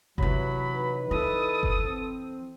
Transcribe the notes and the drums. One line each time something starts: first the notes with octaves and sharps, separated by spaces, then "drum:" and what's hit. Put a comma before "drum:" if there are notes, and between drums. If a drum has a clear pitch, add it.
C3 E3 F#3 B5, drum: kick F#1
D#4 B4
E3 A4 D#6
drum: kick F#1
C4